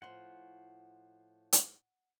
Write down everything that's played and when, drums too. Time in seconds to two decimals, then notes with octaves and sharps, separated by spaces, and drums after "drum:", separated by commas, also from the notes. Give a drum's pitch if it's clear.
0.02 A2 F3 F#5 C6
1.53 drum: hi-hat